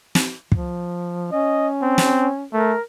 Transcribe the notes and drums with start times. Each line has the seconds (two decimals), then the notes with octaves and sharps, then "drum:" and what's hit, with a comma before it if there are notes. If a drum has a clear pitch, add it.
0.15 drum: snare
0.52 F3, drum: kick
1.32 C#4 D#5
1.82 C4
1.98 drum: snare
2.53 A3 A#4